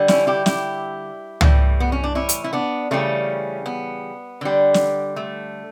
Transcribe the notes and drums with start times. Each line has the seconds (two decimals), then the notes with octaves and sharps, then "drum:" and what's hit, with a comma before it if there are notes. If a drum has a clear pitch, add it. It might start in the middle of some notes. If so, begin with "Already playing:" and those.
Already playing: D3 G3
0.08 C#4 E4, drum: snare
0.27 E4 G4
0.46 E4 G4, drum: snare
1.41 A2 E3 G3, drum: tom
1.80 B3
1.92 C#4
2.04 D4
2.15 C#4 E4
2.29 drum: hi-hat
2.44 E4
2.53 B3 D4
2.91 C#3 E3 G3 A3 C#4
3.66 B3
4.41 D3 G3
4.74 drum: snare
5.16 A3